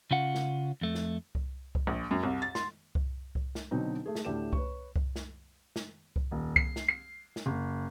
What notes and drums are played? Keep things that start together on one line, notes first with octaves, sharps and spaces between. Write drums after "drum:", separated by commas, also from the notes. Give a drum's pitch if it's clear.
C#3 C#4 F4 F#5
drum: snare
F2 A3
drum: snare
drum: kick C2
drum: kick C2
A#1
F#2
C2
A6
C6, drum: snare
drum: kick C2
drum: kick C2
drum: snare
B2 D3 F#3 C4 D4 D#4
A3 G#4
drum: snare
D2 A2 A3 G4 D5 E7
B4 C#5 C#6, drum: kick C2
drum: kick C2
drum: snare
drum: snare
drum: kick C2
D#1
C7, drum: kick C2
drum: snare
C7
drum: snare
F#1